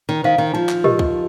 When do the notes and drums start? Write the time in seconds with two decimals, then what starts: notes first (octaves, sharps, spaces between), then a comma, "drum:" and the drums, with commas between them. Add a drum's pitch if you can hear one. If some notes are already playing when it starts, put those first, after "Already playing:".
0.09 D#3
0.23 D#3 C5 F5
0.38 D#3
0.54 F3 D#4
0.69 drum: clap
0.84 G4 A#4 D#5, drum: tom A2
0.99 drum: kick